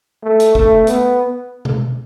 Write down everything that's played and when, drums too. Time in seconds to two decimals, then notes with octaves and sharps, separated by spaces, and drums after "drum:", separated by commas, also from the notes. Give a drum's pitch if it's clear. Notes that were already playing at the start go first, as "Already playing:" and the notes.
0.23 A3
0.40 drum: hi-hat
0.55 A3, drum: kick
0.87 B3, drum: hi-hat
1.65 drum: tom B2